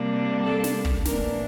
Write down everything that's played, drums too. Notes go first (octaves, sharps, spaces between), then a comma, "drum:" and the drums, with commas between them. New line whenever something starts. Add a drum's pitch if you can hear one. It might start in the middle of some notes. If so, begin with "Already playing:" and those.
Already playing: C3 G3 A#3 D4
A4
drum: snare
drum: kick
A2 E3 A#3 D4 A#4, drum: snare